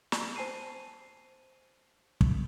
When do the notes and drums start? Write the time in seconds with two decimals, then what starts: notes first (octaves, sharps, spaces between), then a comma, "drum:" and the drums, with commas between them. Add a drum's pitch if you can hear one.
0.12 drum: snare
0.36 C5 G#5 A5 C7 D#7
2.21 drum: kick